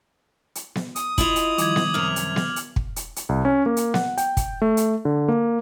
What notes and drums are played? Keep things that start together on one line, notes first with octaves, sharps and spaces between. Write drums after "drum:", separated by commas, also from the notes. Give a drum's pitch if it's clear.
drum: hi-hat
drum: snare B3
D#6, drum: hi-hat
E4 F4 D#5 F7 F#7, drum: kick, hi-hat
drum: hi-hat
D#3 F3 G3 D6 G#6, drum: hi-hat
drum: snare B3
F#2 C3 F6 F7
drum: hi-hat
drum: snare B3
drum: hi-hat
drum: kick
drum: hi-hat
drum: hi-hat
C2
C#4
A#3
drum: hi-hat
F#5, drum: snare B3
G5, drum: hi-hat
drum: kick, hi-hat
A3
drum: hi-hat
D3
A#3